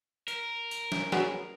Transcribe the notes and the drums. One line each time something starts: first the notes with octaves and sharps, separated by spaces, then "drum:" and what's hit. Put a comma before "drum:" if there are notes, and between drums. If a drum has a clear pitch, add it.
A#4, drum: tambourine
drum: tambourine
drum: snare
F#3 B3 G#4, drum: snare